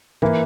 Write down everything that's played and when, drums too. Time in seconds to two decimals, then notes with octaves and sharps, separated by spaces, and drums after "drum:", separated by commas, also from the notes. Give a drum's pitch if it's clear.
0.22 E3 A#3, drum: tom G2